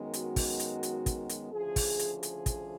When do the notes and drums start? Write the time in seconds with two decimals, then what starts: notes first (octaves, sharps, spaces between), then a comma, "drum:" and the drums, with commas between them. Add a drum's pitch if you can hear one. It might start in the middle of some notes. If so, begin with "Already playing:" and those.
Already playing: F#2 D#3 G#3 B3
0.14 F#4, drum: hi-hat
0.36 drum: kick, open hi-hat
0.60 drum: hi-hat
0.83 drum: hi-hat
1.06 drum: kick, hi-hat
1.29 drum: hi-hat
1.52 D2 C#3 F3 G#4
1.76 drum: kick, open hi-hat
1.99 drum: hi-hat
2.23 G#4, drum: hi-hat
2.46 drum: kick, hi-hat